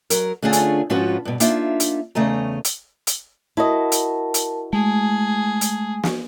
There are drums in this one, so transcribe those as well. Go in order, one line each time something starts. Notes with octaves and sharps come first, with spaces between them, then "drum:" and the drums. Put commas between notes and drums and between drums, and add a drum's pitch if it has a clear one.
F#3 A#4, drum: hi-hat
D3 A3 C#4 D4 F4 G#4
drum: hi-hat
G#2 F3 C#4 F4 F#4 B4
G2 B2
A#3 D4 D#4 F4 E5, drum: hi-hat
drum: hi-hat
E2 C#3 A3 D#5 A#5
drum: hi-hat
drum: hi-hat
E4 F#4 A#4 D#5 A5
drum: hi-hat
drum: hi-hat
G#3 A3 G#4
drum: hi-hat
drum: snare